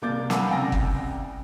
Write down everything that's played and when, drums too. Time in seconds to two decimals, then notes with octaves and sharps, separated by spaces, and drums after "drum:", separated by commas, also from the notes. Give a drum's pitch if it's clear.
0.02 C2 A#3 D6 G6 A6
0.30 F#5 G#5 A#5 B5 D6 E6, drum: snare
0.50 C2 C#3 G5 G#5 E6 A#6
0.72 drum: kick G1